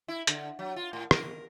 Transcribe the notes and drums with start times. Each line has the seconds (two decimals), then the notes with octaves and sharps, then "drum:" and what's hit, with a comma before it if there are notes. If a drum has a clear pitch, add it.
0.08 E4
0.27 D3, drum: hi-hat
0.59 F#3
0.76 F4
0.93 A2
1.11 A#4, drum: rim click